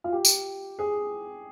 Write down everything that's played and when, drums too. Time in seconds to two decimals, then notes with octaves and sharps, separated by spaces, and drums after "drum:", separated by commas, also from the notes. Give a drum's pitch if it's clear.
0.04 F4
0.12 G4
0.25 drum: tambourine
0.79 G#4